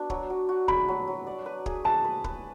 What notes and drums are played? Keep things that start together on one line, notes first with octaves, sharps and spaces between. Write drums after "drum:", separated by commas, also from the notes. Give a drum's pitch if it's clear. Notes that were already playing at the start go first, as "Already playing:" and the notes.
Already playing: B3 D4 F#4
F#3, drum: kick
F#3
F#4
F#4 B5, drum: kick
F#3
F#3
D5
B4
G#4, drum: kick
B4 A5
B4
B4, drum: kick